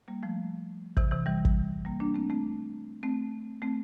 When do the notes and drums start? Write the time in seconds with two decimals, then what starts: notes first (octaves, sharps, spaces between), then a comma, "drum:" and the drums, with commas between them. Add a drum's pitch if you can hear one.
0.08 G3 A#3
0.23 F3 A3
0.97 C3 E3, drum: kick
1.11 C3 E3
1.26 E3 G3
1.45 drum: kick
1.85 G3 A#3
2.00 A#3 D4
2.14 A3 C4
2.30 A3 C4
3.03 A3 C4
3.62 A3 C4